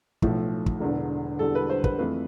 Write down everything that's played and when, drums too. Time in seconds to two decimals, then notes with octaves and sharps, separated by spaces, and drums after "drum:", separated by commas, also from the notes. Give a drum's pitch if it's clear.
0.22 B1 A2 F3 A3, drum: kick
0.66 drum: kick
0.80 E1 E2 D3
1.39 E1 E2 D3 G3 A4
1.55 B4
1.69 C5
1.84 B4, drum: kick
1.99 F2 E3 A3 B4